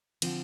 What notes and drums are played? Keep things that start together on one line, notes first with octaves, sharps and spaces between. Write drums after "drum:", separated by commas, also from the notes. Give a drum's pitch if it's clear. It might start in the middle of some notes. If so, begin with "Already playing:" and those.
D3 F3 C4, drum: cymbal